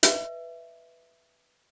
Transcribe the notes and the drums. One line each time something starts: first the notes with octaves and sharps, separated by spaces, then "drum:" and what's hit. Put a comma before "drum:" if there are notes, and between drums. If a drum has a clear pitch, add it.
B4 D#5 E5, drum: hi-hat